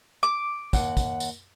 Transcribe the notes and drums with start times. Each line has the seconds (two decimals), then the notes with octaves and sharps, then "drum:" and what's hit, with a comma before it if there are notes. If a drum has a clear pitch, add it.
0.23 D6
0.73 D#2 F#5, drum: kick, tambourine
0.97 drum: kick, tambourine
1.20 drum: tambourine